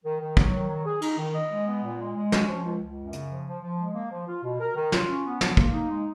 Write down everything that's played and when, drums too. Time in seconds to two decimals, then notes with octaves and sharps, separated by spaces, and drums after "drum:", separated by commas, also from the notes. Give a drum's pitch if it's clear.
0.05 D#3
0.20 D#3
0.37 F#3, drum: kick
0.53 D#3
0.69 F#3
0.86 G#4
1.02 D#4, drum: cymbal
1.18 D#3
1.34 D#5
1.51 G#3
1.67 B3
1.83 A#2
2.00 G#3
2.16 G#3
2.32 C#4, drum: snare
2.48 F3
2.65 C#2
2.81 C#2
2.97 F#2
3.13 C#3, drum: hi-hat
3.30 F3
3.46 F3
3.62 F3
3.79 G#3
3.95 A#3
4.11 F3
4.27 F4
4.43 B2
4.60 A#4
4.76 D#3
4.92 F4, drum: snare
5.08 C#4
5.25 B3
5.41 F3, drum: snare
5.57 A#3, drum: kick
5.73 D#4
5.90 G#3